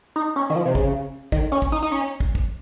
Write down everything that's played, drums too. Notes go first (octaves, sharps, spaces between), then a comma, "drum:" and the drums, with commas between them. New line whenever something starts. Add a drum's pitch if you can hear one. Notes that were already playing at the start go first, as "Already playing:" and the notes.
D#4
C#4
D#3
F3
C3
C#3, drum: kick
D#3, drum: kick
C#4
drum: kick
D#4
D#4
C#4
drum: kick
drum: kick